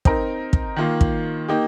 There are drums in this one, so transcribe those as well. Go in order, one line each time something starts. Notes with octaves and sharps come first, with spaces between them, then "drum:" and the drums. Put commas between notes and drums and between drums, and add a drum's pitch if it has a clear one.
C4 D#4 A#4, drum: kick
drum: kick
D#3 A#3 F4
drum: kick
A#3 D#4 G4